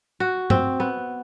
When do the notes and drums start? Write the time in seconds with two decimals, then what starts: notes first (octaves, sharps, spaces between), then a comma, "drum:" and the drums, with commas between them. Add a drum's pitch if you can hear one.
0.20 F#4
0.50 C4, drum: tom
0.80 B3